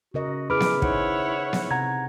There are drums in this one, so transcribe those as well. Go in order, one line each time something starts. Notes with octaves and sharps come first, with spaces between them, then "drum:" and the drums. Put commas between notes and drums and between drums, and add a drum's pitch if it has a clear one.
C#3 F#4 A#4 D#5
E4 G#4 B4 B5 D6 F6
drum: snare B3
D#4 E4 C5 C#5 F#5, drum: kick
drum: snare B3
C3 F#5 A#5 G#6